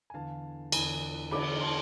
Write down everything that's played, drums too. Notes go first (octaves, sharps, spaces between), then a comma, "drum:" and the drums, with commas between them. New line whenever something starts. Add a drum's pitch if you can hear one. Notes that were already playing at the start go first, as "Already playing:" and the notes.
G#5
E2 D3 F5 A5
E2 D3 G#5 B5, drum: cymbal
E2 D3 B5 D6, drum: cymbal
A5 C6